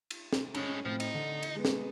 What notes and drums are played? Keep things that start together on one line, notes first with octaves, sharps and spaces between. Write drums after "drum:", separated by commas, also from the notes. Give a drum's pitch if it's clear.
drum: cymbal
drum: snare
A2 G#3 C#4, drum: cymbal
A2 F3 C4
D#4, drum: cymbal
D3
drum: cymbal
G#3 B3
drum: snare